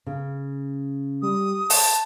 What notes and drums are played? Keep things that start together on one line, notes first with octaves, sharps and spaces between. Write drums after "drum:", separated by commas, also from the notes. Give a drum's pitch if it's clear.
C#3
G3 D#6
A5, drum: open hi-hat